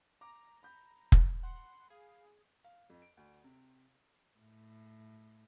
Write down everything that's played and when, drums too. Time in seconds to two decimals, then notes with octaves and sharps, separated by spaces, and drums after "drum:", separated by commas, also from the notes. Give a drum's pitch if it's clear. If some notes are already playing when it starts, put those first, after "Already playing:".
0.21 A#5 D6
0.63 B5 G6
1.12 drum: kick F1
1.43 F#5 C6
1.90 G#4 F5
2.64 F5
2.90 F2
3.02 D7
3.17 D2
3.44 C3
4.40 A2